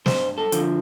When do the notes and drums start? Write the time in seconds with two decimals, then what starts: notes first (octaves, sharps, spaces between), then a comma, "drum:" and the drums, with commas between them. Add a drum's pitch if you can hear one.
0.06 G2 C5, drum: snare
0.38 A4
0.52 D3 F3, drum: hi-hat